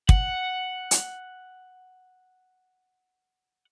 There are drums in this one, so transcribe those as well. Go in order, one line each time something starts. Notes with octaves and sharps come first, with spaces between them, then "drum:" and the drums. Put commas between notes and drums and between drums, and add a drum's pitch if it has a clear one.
F#5, drum: kick
drum: hi-hat